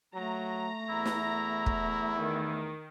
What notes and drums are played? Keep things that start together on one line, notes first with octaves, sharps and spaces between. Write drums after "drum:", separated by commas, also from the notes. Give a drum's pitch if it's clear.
F#3 A3 A#5
E2 E4
drum: snare
drum: kick
D#3